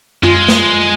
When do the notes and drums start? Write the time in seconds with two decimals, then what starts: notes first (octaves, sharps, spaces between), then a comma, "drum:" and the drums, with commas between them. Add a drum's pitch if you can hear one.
0.23 G#3 F4, drum: tom F#2
0.48 drum: snare